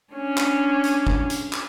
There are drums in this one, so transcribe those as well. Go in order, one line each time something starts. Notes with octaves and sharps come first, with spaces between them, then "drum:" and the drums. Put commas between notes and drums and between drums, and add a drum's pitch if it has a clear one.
C#4 D4
drum: clap
drum: hi-hat
drum: kick
drum: hi-hat
drum: clap